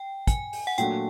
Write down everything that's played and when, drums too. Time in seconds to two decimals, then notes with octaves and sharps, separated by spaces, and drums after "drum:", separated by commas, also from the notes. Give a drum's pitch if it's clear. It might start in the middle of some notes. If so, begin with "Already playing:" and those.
Already playing: G5
0.27 G#5, drum: kick, hi-hat
0.53 drum: open hi-hat
0.67 F#5
0.78 A#2 F#3 A3 D4 F#4 G5, drum: hi-hat